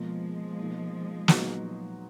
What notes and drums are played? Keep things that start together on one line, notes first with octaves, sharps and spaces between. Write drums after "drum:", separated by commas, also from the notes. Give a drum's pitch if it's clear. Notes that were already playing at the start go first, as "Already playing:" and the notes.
Already playing: B2 F3 G#3 A#3 F4
B2 A#3 D#4
A#2 F#3 B3 D#4 F#4, drum: snare